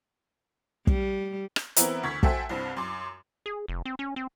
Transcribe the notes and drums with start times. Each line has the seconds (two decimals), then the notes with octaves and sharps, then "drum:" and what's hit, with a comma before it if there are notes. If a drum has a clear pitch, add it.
0.87 G3, drum: kick
1.56 drum: rim click
1.76 E3 B3 C4 E4 A#4, drum: hi-hat
2.03 D2 C#6 G#6 B6
2.23 F#4 A4 C5 E5 G5 G#5, drum: kick
2.49 C2 G2 C4
2.76 F#2 C6 D6
3.46 G#4
3.68 F1
3.85 C4
3.99 C#4
4.16 C4